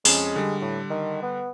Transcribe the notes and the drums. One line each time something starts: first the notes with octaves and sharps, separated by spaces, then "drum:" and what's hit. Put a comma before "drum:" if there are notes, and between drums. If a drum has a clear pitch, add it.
F2 G#3 C#4, drum: open hi-hat
D3 G3
A2
D#3
B3